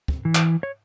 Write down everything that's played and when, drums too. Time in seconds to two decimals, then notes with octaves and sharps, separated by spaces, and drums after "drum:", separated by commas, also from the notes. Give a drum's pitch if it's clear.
0.08 drum: kick
0.25 E3
0.35 drum: clap
0.63 C#5